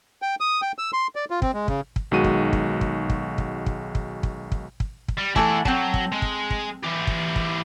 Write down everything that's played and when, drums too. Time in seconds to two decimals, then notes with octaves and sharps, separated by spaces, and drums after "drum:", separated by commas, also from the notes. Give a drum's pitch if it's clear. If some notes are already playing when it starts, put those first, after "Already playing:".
0.22 G5
0.40 D#6
0.62 G5
0.78 E6
0.93 C6
1.15 D5
1.30 F4
1.42 C4, drum: kick
1.54 G#3
1.68 C#3, drum: kick
1.96 drum: kick
2.11 B1 D#3 G#3 F#4 D#7
2.24 drum: kick
2.53 drum: kick
2.81 drum: kick
3.10 drum: kick
3.38 drum: kick
3.66 drum: kick
3.95 drum: kick
4.23 drum: kick
4.52 drum: kick
4.80 drum: kick
5.08 drum: kick
5.18 G3
5.36 E3 A3 E4 A4 F#5, drum: kick
5.65 F#3 C4 A5, drum: kick
5.94 drum: kick
6.12 G#3
6.22 drum: kick
6.50 drum: kick
6.83 E3 G4
7.07 drum: kick
7.36 drum: kick